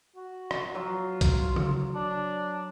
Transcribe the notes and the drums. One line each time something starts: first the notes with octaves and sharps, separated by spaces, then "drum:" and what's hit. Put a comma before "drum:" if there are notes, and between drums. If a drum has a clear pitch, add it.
F#4
drum: rim click
F#3 F4
drum: kick B1, hi-hat
drum: tom C#3
D4